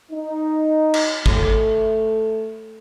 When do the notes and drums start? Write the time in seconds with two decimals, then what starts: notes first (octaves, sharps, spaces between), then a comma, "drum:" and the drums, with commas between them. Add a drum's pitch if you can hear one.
0.12 D#4
0.94 drum: cymbal
1.26 A3, drum: kick G#1